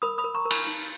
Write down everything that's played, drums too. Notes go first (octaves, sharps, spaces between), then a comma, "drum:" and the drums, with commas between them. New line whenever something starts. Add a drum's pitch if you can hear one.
A#4 B5 D#6
B5 D#6
A#4
A#5 C#6
A#4
G#5 B5, drum: cymbal
D#4